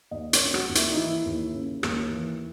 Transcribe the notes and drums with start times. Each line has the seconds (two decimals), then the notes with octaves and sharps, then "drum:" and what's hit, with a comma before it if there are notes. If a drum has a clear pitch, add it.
0.11 D#2 D#5
0.33 C#5, drum: hi-hat
0.40 C#3
0.54 F#4, drum: rim click
0.69 D#2
0.75 E4, drum: hi-hat
0.91 D#4
0.97 E3 E4
1.25 D#2
1.54 C#3
1.83 D#2, drum: rim click
2.11 E3